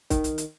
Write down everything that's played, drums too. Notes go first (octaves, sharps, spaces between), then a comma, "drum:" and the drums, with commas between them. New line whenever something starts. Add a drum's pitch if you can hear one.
D#3, drum: kick, hi-hat
drum: hi-hat
drum: hi-hat